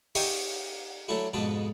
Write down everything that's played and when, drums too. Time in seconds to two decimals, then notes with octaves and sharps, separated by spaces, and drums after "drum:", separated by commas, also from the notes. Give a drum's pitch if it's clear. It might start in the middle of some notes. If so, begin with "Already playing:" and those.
0.15 D#4 G4 D#5 E5 G5 C#6, drum: open hi-hat
1.08 F#3 A3 D4 E4 F#4
1.33 F2 G#2 B2 D4 B4 A5